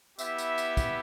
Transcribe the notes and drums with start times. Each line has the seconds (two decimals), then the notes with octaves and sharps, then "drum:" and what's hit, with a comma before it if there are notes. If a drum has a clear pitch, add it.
0.19 B3 E4 G4 E5, drum: tambourine
0.38 drum: tambourine
0.58 drum: tambourine
0.77 drum: kick, tambourine